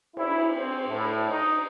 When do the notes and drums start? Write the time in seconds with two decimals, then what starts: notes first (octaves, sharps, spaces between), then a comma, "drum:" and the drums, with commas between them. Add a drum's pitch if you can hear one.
0.17 E4, drum: cymbal
0.56 C4
0.88 A2
1.30 D#4